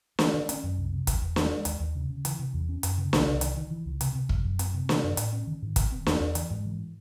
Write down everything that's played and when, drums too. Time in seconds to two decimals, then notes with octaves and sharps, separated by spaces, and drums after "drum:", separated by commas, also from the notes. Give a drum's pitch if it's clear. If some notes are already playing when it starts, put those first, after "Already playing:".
0.19 A3, drum: snare
0.34 D#3
0.49 C#4, drum: hi-hat
0.63 F#2
0.77 C2
0.92 C3
1.07 E2, drum: kick, hi-hat
1.22 E2
1.36 G#3, drum: snare
1.50 G#3
1.65 D#2, drum: hi-hat
1.80 D#2
1.95 C#3
2.09 C#3
2.25 E3, drum: hi-hat
2.39 C3
2.54 E2
2.69 C#4
2.83 F#2, drum: hi-hat
2.98 C#3
3.13 C2, drum: snare
3.27 C2
3.41 D#3, drum: hi-hat
3.57 D#3
3.71 E3
3.86 C#2
4.01 C3, drum: hi-hat
4.15 C3
4.29 F#2, drum: kick
4.44 F#2
4.59 C4, drum: hi-hat
4.74 C3
4.89 D#3, drum: snare
5.04 F#2
5.17 A2, drum: hi-hat
5.33 C#4
5.47 D#3
5.62 G#2
5.76 D#3, drum: kick, hi-hat
5.92 C4
6.06 E2, drum: snare
6.20 E2
6.35 E3, drum: hi-hat
6.51 G#2
6.65 E3